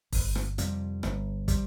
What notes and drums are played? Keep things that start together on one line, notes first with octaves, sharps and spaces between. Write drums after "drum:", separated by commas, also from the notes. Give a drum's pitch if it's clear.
G1, drum: kick, open hi-hat
drum: rim click
F2 C3 G3, drum: hi-hat
G1, drum: rim click
C3 G3, drum: kick, hi-hat